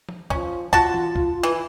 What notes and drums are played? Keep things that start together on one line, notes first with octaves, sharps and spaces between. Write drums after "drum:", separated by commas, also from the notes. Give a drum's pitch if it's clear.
drum: tom F3
F3 C#4, drum: kick
F4 F#4 A5, drum: kick
drum: tom E3
drum: kick
E3